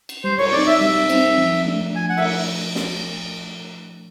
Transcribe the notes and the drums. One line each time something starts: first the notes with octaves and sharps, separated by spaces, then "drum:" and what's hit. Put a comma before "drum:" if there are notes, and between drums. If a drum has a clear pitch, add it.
drum: cymbal
G3 C5
C#5, drum: cymbal
C4 D#4 D5
E5
G3 E5
C4 D#4, drum: cymbal
F3
A3 D4
F3 G#5
F#5
E5, drum: cymbal
drum: snare